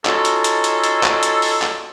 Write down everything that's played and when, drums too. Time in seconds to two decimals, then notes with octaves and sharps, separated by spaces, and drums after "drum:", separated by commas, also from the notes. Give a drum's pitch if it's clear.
0.05 C#4 D#4 F4 F#4 G#4 A4, drum: clap
0.25 drum: hi-hat
0.44 drum: hi-hat
0.64 drum: hi-hat
0.84 drum: hi-hat
1.03 drum: clap
1.23 drum: hi-hat
1.42 drum: open hi-hat
1.62 drum: clap